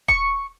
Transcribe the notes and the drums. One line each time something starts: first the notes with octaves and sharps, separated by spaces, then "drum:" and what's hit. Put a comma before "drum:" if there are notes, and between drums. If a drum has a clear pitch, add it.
C#6, drum: kick D#1